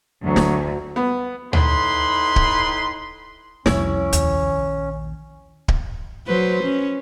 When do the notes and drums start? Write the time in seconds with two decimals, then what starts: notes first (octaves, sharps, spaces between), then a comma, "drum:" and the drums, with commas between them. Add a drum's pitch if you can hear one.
0.23 D2 F#3
0.36 drum: snare
0.96 B3
1.53 A2 D#4 B4 B5 C6, drum: tom
2.36 drum: kick D1
3.66 C2 F2 C#4 E4 C#5, drum: snare
4.13 A#1 D#2, drum: hi-hat
5.68 drum: kick D1
6.27 F#3 B4 C5
6.63 C#4